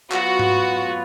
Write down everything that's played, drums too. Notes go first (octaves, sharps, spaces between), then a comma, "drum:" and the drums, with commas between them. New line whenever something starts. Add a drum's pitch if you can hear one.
F#3 B3 F4 F#4 B4, drum: clap
drum: tom G#2